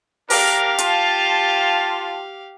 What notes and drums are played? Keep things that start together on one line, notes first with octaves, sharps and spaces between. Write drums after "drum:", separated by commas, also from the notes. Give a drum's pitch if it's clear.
D4 G4 A#4 F5, drum: open hi-hat
F4 A5, drum: hi-hat